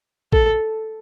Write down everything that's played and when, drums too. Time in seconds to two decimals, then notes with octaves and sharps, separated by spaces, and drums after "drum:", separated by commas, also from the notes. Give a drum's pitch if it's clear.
0.33 A4, drum: kick A1